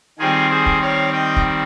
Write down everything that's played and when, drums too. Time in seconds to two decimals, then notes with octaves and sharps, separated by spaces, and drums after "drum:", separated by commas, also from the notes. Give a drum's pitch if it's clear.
0.19 D#3 G3 C4 F4 G#4
0.50 G#4 C5
0.66 drum: kick
0.82 C#5 F5
1.13 D#5 G5
1.36 drum: kick